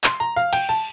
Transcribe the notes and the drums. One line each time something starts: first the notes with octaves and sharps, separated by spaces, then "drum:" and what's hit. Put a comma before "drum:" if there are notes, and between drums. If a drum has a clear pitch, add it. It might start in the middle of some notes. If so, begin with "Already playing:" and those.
C6, drum: clap
A#5
F5
G5, drum: cymbal
A5